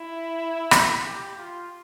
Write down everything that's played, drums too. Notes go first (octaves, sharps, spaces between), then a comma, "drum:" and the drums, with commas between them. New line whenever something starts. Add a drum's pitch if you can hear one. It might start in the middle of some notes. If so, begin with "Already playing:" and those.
Already playing: E4
drum: rim click
G4
F4